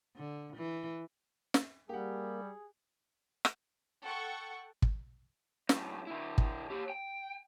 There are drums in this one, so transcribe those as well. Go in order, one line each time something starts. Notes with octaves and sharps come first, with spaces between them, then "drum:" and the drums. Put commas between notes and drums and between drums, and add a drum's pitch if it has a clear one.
D3
E3
drum: snare
G3 A#3 G4 G#4 F#5
drum: rim click
A4 F#5 G5 C#6
drum: kick
F#2 A2, drum: snare
D3 E4
drum: kick
G4 C#5
G5